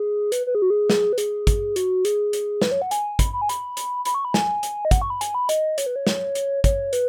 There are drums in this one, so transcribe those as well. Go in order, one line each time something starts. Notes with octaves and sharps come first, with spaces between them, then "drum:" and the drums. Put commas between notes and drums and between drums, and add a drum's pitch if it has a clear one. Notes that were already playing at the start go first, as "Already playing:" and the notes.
Already playing: G#4
B4, drum: hi-hat
B4
G#4
F#4
G#4
drum: snare
B4
G#4, drum: hi-hat
drum: kick, hi-hat
F#4, drum: hi-hat
G#4, drum: hi-hat
drum: hi-hat
B4, drum: snare
C#5
F#5
G#5, drum: hi-hat
B5, drum: kick, hi-hat
B5
G#5
B5, drum: hi-hat
drum: hi-hat
B5, drum: hi-hat
C#6
B5
G#5, drum: snare
drum: hi-hat
D#5
F#5, drum: kick, hi-hat
C#6
B5
G#5, drum: hi-hat
B5
D#5, drum: hi-hat
C#5, drum: hi-hat
B4
C#5
drum: snare
drum: hi-hat
C#5, drum: kick, hi-hat
B4, drum: hi-hat